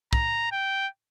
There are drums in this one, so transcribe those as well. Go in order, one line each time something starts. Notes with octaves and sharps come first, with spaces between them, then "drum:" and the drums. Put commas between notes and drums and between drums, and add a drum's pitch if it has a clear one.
A#5, drum: kick
G5